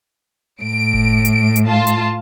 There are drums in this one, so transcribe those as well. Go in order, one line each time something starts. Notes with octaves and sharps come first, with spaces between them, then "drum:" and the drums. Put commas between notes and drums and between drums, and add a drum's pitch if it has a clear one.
A2 D7
drum: kick F#1
drum: hi-hat
drum: hi-hat
F4 A5
drum: hi-hat